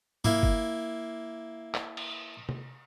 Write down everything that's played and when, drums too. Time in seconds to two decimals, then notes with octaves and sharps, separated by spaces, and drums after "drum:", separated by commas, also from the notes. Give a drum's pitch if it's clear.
0.25 A#3 E4, drum: tom G#2
0.43 drum: kick G1
1.75 drum: clap
1.97 drum: cymbal
2.49 drum: tom C3